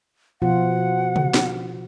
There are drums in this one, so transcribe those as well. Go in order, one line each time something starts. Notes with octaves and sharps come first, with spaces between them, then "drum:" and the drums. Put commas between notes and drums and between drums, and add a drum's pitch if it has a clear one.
B2 F3 F4 F#5
drum: tom C3
drum: snare